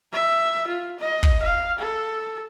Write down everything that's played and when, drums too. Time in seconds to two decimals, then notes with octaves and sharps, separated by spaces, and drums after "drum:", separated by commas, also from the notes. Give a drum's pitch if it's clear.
0.13 E5
0.67 F4
1.00 D#5
1.23 drum: kick
1.43 F5
1.79 A4